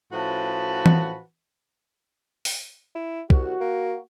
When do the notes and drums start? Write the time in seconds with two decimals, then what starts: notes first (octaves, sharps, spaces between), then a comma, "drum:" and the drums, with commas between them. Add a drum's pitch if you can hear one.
0.12 A2 F3 C#4 F#4 B4 A5
0.86 drum: tom E3
2.45 drum: open hi-hat
2.95 E4
3.30 C2 F#4, drum: kick
3.61 A#3